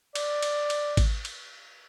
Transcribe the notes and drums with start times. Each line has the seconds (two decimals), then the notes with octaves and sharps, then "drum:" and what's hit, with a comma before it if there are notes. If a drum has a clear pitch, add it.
0.15 D5, drum: cymbal
0.42 drum: cymbal
0.70 drum: cymbal
0.97 drum: kick G#1, cymbal
1.25 drum: cymbal